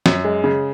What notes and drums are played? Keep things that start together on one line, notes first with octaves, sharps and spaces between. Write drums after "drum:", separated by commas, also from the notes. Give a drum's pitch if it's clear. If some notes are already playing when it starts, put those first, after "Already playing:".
F#2, drum: snare
G#3
C#3